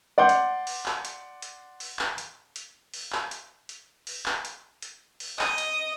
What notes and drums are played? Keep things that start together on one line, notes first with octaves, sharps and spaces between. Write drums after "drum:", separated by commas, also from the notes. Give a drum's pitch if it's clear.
D5 F#5 C6 D6 G6
drum: hi-hat
drum: open hi-hat
drum: clap
drum: hi-hat
drum: hi-hat
drum: open hi-hat
drum: clap
drum: hi-hat
drum: hi-hat
drum: open hi-hat
drum: clap
drum: hi-hat
drum: hi-hat
drum: open hi-hat
drum: clap
drum: hi-hat
drum: hi-hat
drum: open hi-hat
D#5, drum: clap
drum: hi-hat